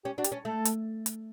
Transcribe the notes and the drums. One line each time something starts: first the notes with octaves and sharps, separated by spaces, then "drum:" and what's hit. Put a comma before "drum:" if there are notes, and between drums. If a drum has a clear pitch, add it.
C#4 G4
D4 F#4
G4, drum: hi-hat
C#4
A3 A4
drum: hi-hat
drum: hi-hat